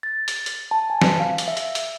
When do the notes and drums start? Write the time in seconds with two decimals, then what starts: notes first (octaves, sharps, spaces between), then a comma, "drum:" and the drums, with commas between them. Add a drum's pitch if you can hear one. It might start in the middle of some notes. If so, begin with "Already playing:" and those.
0.03 A6
0.28 drum: hi-hat
0.46 drum: hi-hat
0.71 A5
0.90 G#5
1.02 drum: snare
1.20 F5
1.38 drum: hi-hat
1.48 E5
1.57 drum: hi-hat
1.75 drum: hi-hat